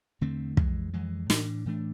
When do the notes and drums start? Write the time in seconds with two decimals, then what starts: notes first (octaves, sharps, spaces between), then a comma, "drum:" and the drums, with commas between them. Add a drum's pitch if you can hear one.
0.21 E2 D3 A3 C4
0.57 F2 E3 G#3, drum: kick
0.93 F2 E3 G#3
1.30 A2 E3 A3 D4, drum: snare
1.65 A2 E3 A3 D4